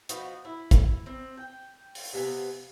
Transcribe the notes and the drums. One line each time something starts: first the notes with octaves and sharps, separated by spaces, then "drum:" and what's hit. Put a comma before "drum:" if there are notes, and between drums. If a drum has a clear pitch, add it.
F3 B3 D#4 F#4, drum: hi-hat
E4
drum: kick, hi-hat
C4
G5
drum: open hi-hat
C3 B3 G#5